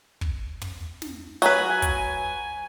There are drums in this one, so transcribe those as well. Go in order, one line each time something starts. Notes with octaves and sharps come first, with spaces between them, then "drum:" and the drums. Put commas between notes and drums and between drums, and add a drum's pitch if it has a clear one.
drum: kick
drum: tom
drum: snare
F#3 B4 G#5, drum: hi-hat
G#5
drum: kick, hi-hat